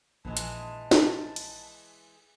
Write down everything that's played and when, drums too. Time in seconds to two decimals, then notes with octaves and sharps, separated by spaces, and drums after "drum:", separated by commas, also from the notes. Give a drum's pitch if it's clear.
0.25 A#1 E3 G#3 A5
0.37 drum: hi-hat
0.91 drum: snare
1.36 drum: cymbal